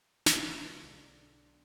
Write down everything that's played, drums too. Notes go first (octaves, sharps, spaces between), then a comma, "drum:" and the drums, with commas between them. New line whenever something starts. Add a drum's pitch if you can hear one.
drum: snare
C#2
B1 D3 D4